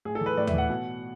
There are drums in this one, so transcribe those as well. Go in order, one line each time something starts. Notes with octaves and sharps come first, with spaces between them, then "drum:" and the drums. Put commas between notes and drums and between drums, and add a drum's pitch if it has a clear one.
A2 G#4
A4
E3 B4
A2 D5
E5, drum: tom D#2
E3 F#5
B2